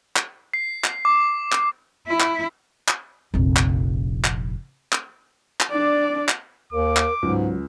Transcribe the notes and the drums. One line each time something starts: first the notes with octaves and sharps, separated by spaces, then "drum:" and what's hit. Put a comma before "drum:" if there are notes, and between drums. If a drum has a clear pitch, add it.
drum: clap
C7
drum: clap
D6
drum: clap
E4
drum: clap
drum: clap
F1 A#1
drum: clap
drum: clap
drum: clap
drum: clap
D4 D5
drum: clap
D#2 A#4 D6
drum: clap
C#2 G#2 F#3